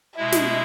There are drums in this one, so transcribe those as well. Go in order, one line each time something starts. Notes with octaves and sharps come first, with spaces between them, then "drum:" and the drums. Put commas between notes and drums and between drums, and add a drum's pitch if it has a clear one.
B2 G#3 E4 E5
drum: snare